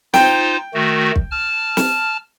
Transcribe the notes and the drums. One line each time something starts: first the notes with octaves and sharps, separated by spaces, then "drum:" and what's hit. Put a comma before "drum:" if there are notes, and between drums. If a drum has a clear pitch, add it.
D#4 F4 C5 G5, drum: snare
D#3 A3 F#4
drum: kick
A5 F6
drum: snare